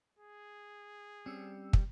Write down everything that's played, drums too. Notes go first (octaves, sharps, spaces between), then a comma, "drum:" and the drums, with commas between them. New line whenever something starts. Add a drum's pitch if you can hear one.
G#4
G3 C4 C#4 E6
drum: kick